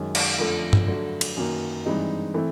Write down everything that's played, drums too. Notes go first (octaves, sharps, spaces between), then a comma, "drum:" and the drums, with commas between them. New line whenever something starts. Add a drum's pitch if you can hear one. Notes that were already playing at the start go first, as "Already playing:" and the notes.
Already playing: F#2 D#3 G#3 C#4
drum: cymbal
F2 D3 F3 A3
drum: tom G2
D3 F#3 A3
drum: cymbal
F#2 D#3 F#3 A#3
G2 E3 G#3 C4 D#4
E3 A3 C4 E4